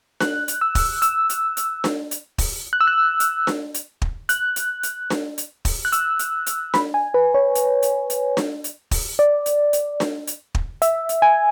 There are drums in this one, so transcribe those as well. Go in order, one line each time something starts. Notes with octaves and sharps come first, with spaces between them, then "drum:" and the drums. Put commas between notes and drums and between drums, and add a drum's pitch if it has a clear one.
F#6, drum: snare D4
drum: hi-hat
E6
drum: kick, open hi-hat
E6, drum: hi-hat
drum: hi-hat
drum: hi-hat
drum: snare D4
drum: hi-hat
drum: kick, open hi-hat
F#6
E6
F#6
drum: hi-hat
drum: snare D4
drum: hi-hat
drum: kick
F#6, drum: hi-hat
drum: hi-hat
drum: hi-hat
drum: snare D4
drum: hi-hat
drum: kick, open hi-hat
F#6
E6, drum: hi-hat
drum: hi-hat
drum: hi-hat
B5, drum: snare D4
G#5
B4
C#5
drum: hi-hat
drum: hi-hat
drum: hi-hat
drum: snare D4
drum: hi-hat
drum: kick, open hi-hat
D5
drum: hi-hat
drum: hi-hat
drum: snare D4
drum: hi-hat
drum: kick
E5, drum: hi-hat
drum: hi-hat
G#5